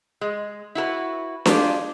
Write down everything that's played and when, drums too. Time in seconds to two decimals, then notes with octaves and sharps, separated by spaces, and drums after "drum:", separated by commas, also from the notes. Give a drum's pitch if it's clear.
0.21 G#3
0.75 E4 F#4 A#4 B4
1.46 A#3 D4 F4 G4 G#4, drum: snare D4